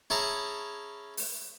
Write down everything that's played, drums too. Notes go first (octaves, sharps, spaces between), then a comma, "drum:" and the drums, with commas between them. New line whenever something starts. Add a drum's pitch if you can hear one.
C#4 E4 G#4 A5 A#5
drum: open hi-hat